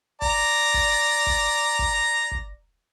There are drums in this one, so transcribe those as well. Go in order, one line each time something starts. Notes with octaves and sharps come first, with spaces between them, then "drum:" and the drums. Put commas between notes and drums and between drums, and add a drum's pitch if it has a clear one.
D5 A#5, drum: kick G1
drum: kick G1
drum: kick G1
drum: kick G1
drum: kick G1